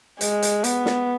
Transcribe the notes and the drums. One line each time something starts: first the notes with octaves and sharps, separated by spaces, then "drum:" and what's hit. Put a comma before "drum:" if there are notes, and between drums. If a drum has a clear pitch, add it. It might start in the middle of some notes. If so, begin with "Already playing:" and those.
G#3, drum: hi-hat
drum: hi-hat
B3, drum: hi-hat
drum: snare